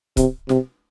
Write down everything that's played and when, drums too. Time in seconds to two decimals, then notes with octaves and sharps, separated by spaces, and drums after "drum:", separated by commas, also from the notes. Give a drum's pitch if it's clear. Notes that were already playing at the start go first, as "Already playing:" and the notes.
0.17 C3, drum: kick C#1, hi-hat
0.49 C3, drum: snare